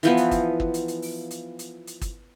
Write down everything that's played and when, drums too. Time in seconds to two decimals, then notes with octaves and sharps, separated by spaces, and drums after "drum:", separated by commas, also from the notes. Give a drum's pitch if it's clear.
0.03 E3 F3 B3, drum: hi-hat
0.17 drum: hi-hat
0.31 drum: kick, hi-hat
0.60 drum: kick
0.74 drum: hi-hat
0.88 drum: hi-hat
1.02 drum: open hi-hat
1.31 drum: hi-hat
1.59 drum: hi-hat
1.87 drum: hi-hat
2.01 drum: kick, hi-hat